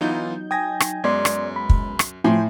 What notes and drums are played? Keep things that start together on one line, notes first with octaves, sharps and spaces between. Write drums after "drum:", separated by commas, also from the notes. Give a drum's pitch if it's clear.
E3 F#3 B3 D#4 F4 G6
G5 G#5 D#6 G#6 A#6
drum: rim click
F#2 G#3 B3 C#4 D5 C6 G#6
drum: rim click
B5
drum: kick
drum: rim click
A2 F3 G5 G#5 C6